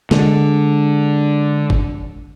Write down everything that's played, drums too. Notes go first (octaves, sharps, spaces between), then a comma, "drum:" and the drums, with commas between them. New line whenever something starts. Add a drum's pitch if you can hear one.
D3 G#3, drum: snare
drum: kick G1